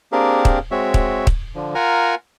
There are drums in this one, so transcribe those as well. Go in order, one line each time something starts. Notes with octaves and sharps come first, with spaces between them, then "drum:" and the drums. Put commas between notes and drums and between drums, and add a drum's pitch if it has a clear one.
A#3 C4 D4 G4 G#4 A#4
drum: kick
G#3 C4 F#4 C#5 E5
drum: kick
drum: kick
D3 F3
F4 A#4 F#5 G#5 A#5